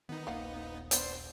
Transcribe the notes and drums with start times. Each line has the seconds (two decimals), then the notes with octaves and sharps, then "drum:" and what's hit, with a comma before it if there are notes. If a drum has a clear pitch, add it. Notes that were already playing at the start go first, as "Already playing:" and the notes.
0.09 D#3 B3 D#4
0.27 D#1 A#1 A#3 F5 F#5
0.91 B3 D4 C5, drum: hi-hat